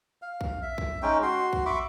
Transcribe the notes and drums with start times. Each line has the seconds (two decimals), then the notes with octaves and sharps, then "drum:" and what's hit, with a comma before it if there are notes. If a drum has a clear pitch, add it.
0.22 F5
0.41 drum: kick
0.62 E5
0.78 drum: kick
1.03 G#3 C#4 D#4 G5
1.23 F#4 C6
1.53 drum: kick
1.66 E5 B5 C#6 D6